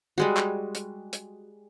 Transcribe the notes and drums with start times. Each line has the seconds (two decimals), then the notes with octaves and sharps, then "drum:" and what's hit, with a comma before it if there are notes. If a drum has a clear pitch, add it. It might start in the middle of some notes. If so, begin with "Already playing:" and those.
0.18 G3 G#3 F#4
0.37 drum: clap
0.75 drum: hi-hat
1.13 drum: hi-hat